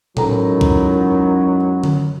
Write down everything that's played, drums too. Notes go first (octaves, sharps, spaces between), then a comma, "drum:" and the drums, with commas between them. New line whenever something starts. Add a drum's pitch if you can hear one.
F#2 D#3 F#3 G#3 E4 A4 A#5, drum: tom A2
drum: kick
drum: tom D3